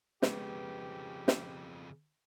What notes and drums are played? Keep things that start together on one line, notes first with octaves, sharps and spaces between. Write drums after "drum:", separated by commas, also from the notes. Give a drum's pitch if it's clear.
F2 C#3 G#3 B3 G4, drum: snare
drum: snare